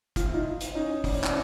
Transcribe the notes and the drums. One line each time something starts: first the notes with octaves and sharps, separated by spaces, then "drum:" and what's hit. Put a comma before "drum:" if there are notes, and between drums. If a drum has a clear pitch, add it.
F4, drum: kick, hi-hat
E4
D#4 F4
drum: hi-hat
C#4 D#4
D4, drum: kick, open hi-hat
C#4
C4 D4, drum: clap